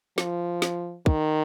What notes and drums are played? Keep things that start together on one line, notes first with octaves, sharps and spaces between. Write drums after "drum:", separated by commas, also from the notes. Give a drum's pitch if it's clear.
F3, drum: snare
drum: snare
D#3, drum: kick